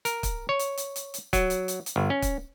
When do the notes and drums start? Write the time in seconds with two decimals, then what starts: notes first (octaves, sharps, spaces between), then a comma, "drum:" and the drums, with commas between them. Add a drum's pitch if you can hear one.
0.05 A#4, drum: hi-hat
0.23 drum: kick, hi-hat
0.49 C#5
0.59 drum: hi-hat
0.77 drum: hi-hat
0.96 drum: hi-hat
1.14 drum: hi-hat
1.33 F#3, drum: kick, hi-hat
1.50 drum: hi-hat
1.68 drum: hi-hat
1.86 drum: hi-hat
1.96 G1
2.10 C#4
2.22 drum: kick, hi-hat